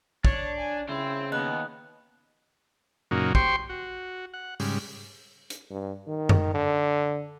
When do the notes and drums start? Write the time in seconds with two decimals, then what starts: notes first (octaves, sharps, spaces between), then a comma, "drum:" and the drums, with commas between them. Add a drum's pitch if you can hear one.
0.25 D4 C#5, drum: kick
0.58 G#5
0.89 C#3 C4 E4
1.32 D#2 B3 D#5 F#6
3.11 F#2 A#2 C#3 A#3 D#4 F#4
3.35 G4 C5 G5 C6 C#6, drum: kick
3.69 F#4
4.34 F#5
4.60 G#2 C#3 G3, drum: open hi-hat
5.50 drum: hi-hat
5.70 G2
6.07 D#3
6.29 drum: tom F#2
6.54 D3